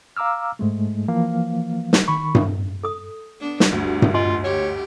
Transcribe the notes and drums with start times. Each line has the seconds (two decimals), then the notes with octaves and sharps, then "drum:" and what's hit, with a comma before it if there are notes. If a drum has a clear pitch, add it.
0.17 F5 A#5 D6 E6 F6
0.59 G#2 G#3 A3
1.08 E3 F3 A#3 F5
1.93 drum: snare
2.08 D#3 B5 C#6
2.35 drum: tom G2
2.83 A4 D#6
3.40 B3 D4
3.60 drum: snare
3.73 D2 G2
4.02 drum: tom G2
4.14 F4 D#5 G#5 C6
4.44 G4 C#5